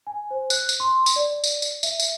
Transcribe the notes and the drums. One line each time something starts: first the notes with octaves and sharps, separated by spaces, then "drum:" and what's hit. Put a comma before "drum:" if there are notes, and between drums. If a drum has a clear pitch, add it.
G#5
C5
F#6, drum: tambourine
drum: tambourine
C6
drum: tambourine
D5
drum: tambourine
drum: tambourine
E5, drum: tambourine
drum: tambourine